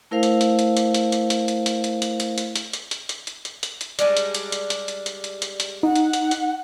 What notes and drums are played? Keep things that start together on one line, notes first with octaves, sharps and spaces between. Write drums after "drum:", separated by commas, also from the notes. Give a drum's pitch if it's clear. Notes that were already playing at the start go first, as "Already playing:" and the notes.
A3 E4 A#4 C5 F5
drum: hi-hat
drum: hi-hat
drum: hi-hat
drum: hi-hat
drum: hi-hat
drum: hi-hat
drum: hi-hat
drum: hi-hat
drum: hi-hat
drum: hi-hat
drum: hi-hat
drum: hi-hat
drum: hi-hat
drum: hi-hat
drum: hi-hat
drum: hi-hat
drum: hi-hat
drum: hi-hat
drum: hi-hat
drum: hi-hat
drum: hi-hat
G3 G#3 D4, drum: hi-hat
drum: hi-hat
drum: hi-hat
drum: hi-hat
drum: hi-hat
drum: hi-hat
drum: hi-hat
drum: hi-hat
drum: hi-hat
drum: hi-hat
D#4 F#5
drum: hi-hat
drum: hi-hat
drum: hi-hat